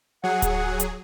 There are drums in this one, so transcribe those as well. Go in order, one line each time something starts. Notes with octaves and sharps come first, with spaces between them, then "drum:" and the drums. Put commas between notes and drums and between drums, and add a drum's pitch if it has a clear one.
F#3 G#4 F#5
drum: kick D1, hi-hat
drum: hi-hat